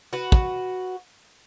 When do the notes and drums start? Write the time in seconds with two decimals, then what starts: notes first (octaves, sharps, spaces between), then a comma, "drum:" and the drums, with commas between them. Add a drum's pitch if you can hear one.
0.13 F#4 B4
0.32 drum: kick